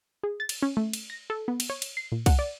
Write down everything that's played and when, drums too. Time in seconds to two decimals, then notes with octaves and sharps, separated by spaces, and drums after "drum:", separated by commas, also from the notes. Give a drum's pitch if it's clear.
0.23 G#4
0.40 A6
0.49 drum: cymbal
0.62 C#4
0.77 A3
0.93 drum: cymbal
1.10 A#6
1.30 A4
1.48 B3
1.60 drum: cymbal
1.70 C#5
1.82 drum: cymbal
1.97 C7
2.12 A#2
2.26 F#5, drum: kick C2, cymbal
2.39 D5